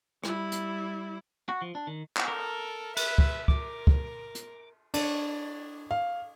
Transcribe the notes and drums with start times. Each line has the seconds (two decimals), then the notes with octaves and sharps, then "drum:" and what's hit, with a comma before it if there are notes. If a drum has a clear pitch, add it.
0.24 G3 E4, drum: rim click
0.52 drum: hi-hat
1.49 F#4
1.62 F3
1.75 D4
1.87 D#3
2.17 drum: clap
2.28 A4 A#4
2.97 B4 E5, drum: cymbal
3.18 drum: kick
3.48 A#4 D6, drum: kick
3.87 drum: kick
4.35 drum: hi-hat
4.94 D4, drum: cymbal
5.91 F5